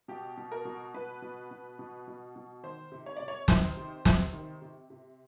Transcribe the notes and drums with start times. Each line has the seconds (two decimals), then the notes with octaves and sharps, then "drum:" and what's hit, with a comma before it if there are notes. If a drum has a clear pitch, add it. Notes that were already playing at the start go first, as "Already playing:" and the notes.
0.08 B2 G4
0.37 B2
0.52 A#4
0.65 B2
0.94 B2 B4
1.22 B2
1.51 B2
1.79 B2
2.08 B2
2.36 B2
2.63 D#3 C5
2.92 C3
3.06 C#5
3.17 C3 D5
3.28 C#5
3.48 D#3 C5, drum: snare
3.77 C3
4.05 C3, drum: snare
4.33 D#3
4.62 C3
4.90 C3